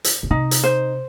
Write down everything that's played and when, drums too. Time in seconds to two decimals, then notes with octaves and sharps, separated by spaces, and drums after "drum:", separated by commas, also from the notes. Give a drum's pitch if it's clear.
0.04 drum: hi-hat
0.23 C#3
0.30 C3 D#4
0.51 drum: hi-hat
0.64 C5